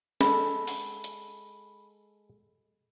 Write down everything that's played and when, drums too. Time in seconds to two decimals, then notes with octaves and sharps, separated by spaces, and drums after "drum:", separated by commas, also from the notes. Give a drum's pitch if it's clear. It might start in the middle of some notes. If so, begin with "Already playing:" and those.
0.21 G#3 A4 B5, drum: snare
0.67 drum: open hi-hat
1.04 drum: hi-hat